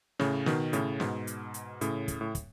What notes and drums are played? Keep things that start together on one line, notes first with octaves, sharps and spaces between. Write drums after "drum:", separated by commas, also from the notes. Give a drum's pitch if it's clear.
A2 C#3, drum: snare
B2 D#3, drum: snare
A2 C#3, drum: hi-hat
G#2 B2, drum: snare
drum: hi-hat
drum: hi-hat
A2 C#3, drum: hi-hat
drum: kick, hi-hat
A2
drum: kick, hi-hat